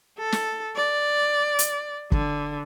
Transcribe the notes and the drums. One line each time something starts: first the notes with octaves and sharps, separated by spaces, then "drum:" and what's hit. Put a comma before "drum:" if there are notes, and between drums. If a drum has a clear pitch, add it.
A4
drum: snare
D5
drum: hi-hat
D3, drum: kick